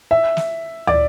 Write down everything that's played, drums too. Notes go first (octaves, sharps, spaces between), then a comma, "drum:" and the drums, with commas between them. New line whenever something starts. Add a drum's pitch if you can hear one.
E5
drum: snare
D5, drum: tom